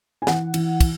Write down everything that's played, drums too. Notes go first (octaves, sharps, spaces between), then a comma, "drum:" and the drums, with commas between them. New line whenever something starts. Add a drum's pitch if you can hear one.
G#5
E3 F#5, drum: snare
E3, drum: cymbal
drum: kick, cymbal